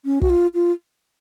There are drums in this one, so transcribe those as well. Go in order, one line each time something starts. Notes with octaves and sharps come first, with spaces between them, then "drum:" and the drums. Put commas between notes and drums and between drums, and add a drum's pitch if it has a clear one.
C#4
F#4, drum: kick
F4
F4